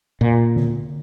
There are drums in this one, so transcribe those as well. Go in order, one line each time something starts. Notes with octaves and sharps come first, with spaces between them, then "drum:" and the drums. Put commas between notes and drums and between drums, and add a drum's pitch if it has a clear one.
A#2
drum: tom D3